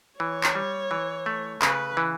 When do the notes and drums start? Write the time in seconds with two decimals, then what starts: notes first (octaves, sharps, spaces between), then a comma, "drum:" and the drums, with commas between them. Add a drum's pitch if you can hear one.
0.20 E3 C#5
0.44 drum: clap
0.55 G3
0.91 E3
1.26 A3
1.62 C#3 B4, drum: clap
1.97 E3